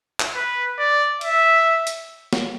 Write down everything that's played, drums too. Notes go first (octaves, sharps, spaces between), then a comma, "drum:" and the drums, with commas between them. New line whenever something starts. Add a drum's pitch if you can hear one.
drum: clap
B4
D5
E5, drum: cymbal
drum: hi-hat
drum: snare